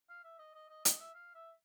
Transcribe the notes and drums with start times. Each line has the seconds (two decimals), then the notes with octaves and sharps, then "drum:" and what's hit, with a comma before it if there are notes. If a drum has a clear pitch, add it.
0.09 F5
0.24 E5
0.39 D#5
0.55 D#5
0.70 D#5
0.85 D#5, drum: hi-hat
1.00 E5
1.14 F5
1.35 E5